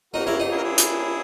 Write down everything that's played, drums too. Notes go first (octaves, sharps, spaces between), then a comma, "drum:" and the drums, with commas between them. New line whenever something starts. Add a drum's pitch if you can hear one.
D#4 F#4 A#4, drum: cymbal
E4 A#4 C#5
D#4
E4 G#4
A#4
E4 G#4
drum: hi-hat